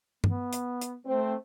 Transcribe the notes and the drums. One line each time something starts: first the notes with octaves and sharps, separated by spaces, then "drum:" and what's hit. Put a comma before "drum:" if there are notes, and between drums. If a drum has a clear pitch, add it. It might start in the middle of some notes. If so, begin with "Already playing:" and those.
B3, drum: tom G2
drum: hi-hat
drum: hi-hat
A3 C4 C5